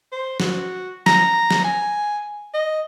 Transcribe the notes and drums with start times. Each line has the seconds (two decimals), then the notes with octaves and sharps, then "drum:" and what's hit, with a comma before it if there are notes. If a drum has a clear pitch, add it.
0.12 C5
0.40 F#4, drum: snare
1.06 A#5, drum: snare
1.51 drum: snare
1.64 G#5
2.54 D#5